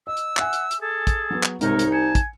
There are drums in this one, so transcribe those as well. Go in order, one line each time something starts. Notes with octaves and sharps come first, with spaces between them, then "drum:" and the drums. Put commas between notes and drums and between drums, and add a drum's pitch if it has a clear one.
D#5 E6
drum: hi-hat
E5 F#5 G#5, drum: clap
drum: hi-hat
drum: hi-hat
G#4 A4
drum: kick, hi-hat
F#3 B3
drum: clap
C2 G#2 C3 D#4 A#4 C#5, drum: hi-hat
drum: hi-hat
G#5 A5 C#7
drum: kick, hi-hat